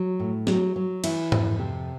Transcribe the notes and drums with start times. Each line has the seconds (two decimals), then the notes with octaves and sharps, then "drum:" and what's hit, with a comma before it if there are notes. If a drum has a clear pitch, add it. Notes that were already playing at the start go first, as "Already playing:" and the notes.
Already playing: F#3
0.19 A2
0.47 F#3, drum: snare
0.76 F#3
1.04 E3 E4, drum: cymbal
1.32 F2, drum: tom G#2
1.59 C3